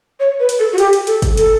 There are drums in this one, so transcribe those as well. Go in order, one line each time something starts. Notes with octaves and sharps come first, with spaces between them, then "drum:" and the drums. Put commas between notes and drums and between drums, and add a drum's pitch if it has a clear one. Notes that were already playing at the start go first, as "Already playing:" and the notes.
C#5
B4
drum: hi-hat
A4
F#4
G4, drum: hi-hat
drum: hi-hat
A4, drum: hi-hat
drum: kick, hi-hat
A4, drum: hi-hat